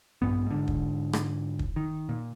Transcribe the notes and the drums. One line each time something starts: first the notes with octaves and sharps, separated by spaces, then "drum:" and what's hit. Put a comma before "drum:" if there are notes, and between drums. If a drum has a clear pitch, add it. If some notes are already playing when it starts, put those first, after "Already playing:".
A#1 G2 B3
G#2 D3
drum: kick
drum: rim click
drum: kick
D#3
A#2